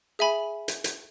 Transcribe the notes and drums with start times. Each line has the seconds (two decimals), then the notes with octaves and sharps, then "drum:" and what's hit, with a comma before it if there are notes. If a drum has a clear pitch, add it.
0.19 G#4 E5 G#5 B5
0.68 drum: hi-hat
0.84 drum: hi-hat